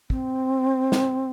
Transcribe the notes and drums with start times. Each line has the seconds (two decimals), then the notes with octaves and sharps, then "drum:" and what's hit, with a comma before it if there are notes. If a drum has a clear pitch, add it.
0.10 C4, drum: kick
0.92 drum: snare